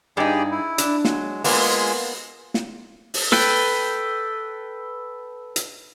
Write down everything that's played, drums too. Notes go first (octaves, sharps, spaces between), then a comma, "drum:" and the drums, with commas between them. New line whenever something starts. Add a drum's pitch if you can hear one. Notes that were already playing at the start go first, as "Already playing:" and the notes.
G2 D#4 G4 G#4 D5
E4
D4, drum: hi-hat
F#3 G#3, drum: snare
G#3 A#3 B3 F4 G#4, drum: open hi-hat
drum: snare
drum: open hi-hat
A4 B4 G5, drum: snare
drum: hi-hat